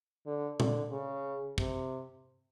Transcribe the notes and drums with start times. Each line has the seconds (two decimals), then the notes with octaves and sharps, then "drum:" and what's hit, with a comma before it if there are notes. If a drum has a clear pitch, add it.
0.26 D3
0.60 D3, drum: tom A#2
0.91 C#3
1.58 C3, drum: kick